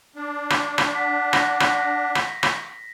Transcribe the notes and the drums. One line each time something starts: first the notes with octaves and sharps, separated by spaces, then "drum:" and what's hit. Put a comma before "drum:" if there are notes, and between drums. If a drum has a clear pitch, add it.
D4
drum: rim click
drum: rim click
F#5 B6
A#6, drum: rim click
drum: rim click
drum: rim click
drum: rim click